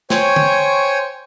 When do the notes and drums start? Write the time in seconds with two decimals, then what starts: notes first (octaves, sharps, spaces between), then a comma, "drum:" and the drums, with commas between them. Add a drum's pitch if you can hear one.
0.10 C5 C#5 G5 G#5 C#6, drum: snare
0.36 drum: tom D3